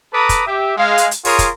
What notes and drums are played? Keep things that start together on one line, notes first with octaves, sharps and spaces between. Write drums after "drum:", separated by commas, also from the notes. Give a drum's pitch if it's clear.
A4 B4 A#5 B5 D6 D#6
drum: kick, hi-hat
G4 E5
G#3 F5
drum: hi-hat
drum: hi-hat
F4 G#4 A#4 C#5 C6 D#6, drum: open hi-hat
drum: kick, hi-hat